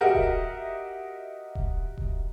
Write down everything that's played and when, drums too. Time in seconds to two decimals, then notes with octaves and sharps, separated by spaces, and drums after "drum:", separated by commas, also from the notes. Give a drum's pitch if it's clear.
0.01 F#4 G4 A#4 D#5 E5 F#5
0.15 drum: kick D#1
1.55 drum: kick D#1
1.98 drum: kick D#1